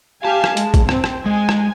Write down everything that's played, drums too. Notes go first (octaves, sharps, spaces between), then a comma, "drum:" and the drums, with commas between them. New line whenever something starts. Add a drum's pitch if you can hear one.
G4 F5 G#5 A5
drum: rim click
G#3, drum: hi-hat
drum: kick, hi-hat
C4, drum: rim click
drum: rim click
G#3 G#5
drum: rim click